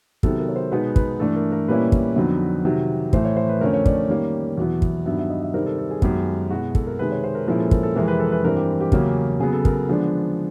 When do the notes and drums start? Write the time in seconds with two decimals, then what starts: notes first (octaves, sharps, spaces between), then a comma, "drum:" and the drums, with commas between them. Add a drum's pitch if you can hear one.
0.23 C3 D#3 F#3 B3 A4, drum: kick
0.39 A#4
0.48 C#5
0.56 C5
0.71 B2 G#3 B3 D#4 B4
0.96 B4, drum: kick
1.20 G2 E3 A3 D4 A4
1.36 A#4
1.52 A#4
1.68 A#2 G3 A#3 C#4 E4 B4
1.92 drum: kick
2.16 F2 D3 F#3 B3 D#4
2.65 C3 D#3 F#3
3.13 A2 E3 A3 C5, drum: kick
3.25 C#5
3.37 C5
3.49 B4
3.61 F2 D3 F3 A3 C#4 A#4
3.73 C#5
3.86 D5, drum: kick
4.09 D#3 G3 A#3 C#4
4.58 E2 B2 F#3 B3 E4
4.82 drum: kick
5.06 G2 D#3 F#3 B3 E5
5.19 E5
5.30 D#5
5.42 E5
5.54 C3 D#3 G3 C4 D#4 A#4
5.66 A4
5.78 A4
5.91 G#4
6.02 F#2 D#3 G#3 B3 G4, drum: kick
6.51 B2 G#3 B3 E4 F#4
6.75 A4, drum: kick
6.87 A#4
6.99 C3 D#3 G#3 B4
7.12 C#5
7.24 C5
7.35 A#4
7.47 A#2 F3 G#3 C#4 E4 A#4
7.60 A4
7.71 A#4, drum: kick
7.83 A4
7.96 F2 C3 E3 G#3 A#4
8.08 B4
8.20 A4
8.32 B4
8.44 G2 E3 G3 C4 A#4
8.56 G4
8.81 G4
8.92 E2 C#3 F#3 A#3 C#4, drum: kick
9.40 C#3 F#3 B3 G#4
9.53 A4
9.65 A#4, drum: kick
9.89 D3 F3 G#3 B3 D4